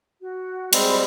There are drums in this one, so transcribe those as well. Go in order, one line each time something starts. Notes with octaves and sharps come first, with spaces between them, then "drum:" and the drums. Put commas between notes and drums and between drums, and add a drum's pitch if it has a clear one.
F#4
G3 G#3 C4 B5, drum: cymbal